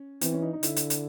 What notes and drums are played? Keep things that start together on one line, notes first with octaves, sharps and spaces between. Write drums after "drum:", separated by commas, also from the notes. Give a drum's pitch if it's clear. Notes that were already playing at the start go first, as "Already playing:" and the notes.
Already playing: C#4
E3 C4, drum: hi-hat
C#4
D#4
D#4
D3 E4, drum: hi-hat
drum: hi-hat
drum: hi-hat